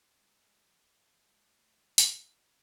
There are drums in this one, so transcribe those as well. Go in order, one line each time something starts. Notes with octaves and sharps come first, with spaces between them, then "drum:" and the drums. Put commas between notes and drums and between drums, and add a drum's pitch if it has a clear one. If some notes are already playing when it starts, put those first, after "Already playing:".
G#3
G#3
F#3
F3
F3
F3
G#3
A3
A3
A3
G3
drum: hi-hat